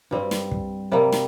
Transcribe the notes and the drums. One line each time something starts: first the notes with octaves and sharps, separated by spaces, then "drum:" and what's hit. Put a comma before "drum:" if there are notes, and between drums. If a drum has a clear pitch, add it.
G2 G3 C4
drum: snare
drum: kick
C3 G3 A#3
drum: snare